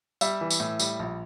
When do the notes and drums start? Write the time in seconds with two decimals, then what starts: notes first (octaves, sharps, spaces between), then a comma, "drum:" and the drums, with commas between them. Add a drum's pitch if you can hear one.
0.21 G3 E5, drum: tambourine
0.41 E3
0.51 drum: tambourine
0.60 A2
0.79 G3, drum: tambourine
0.99 A#1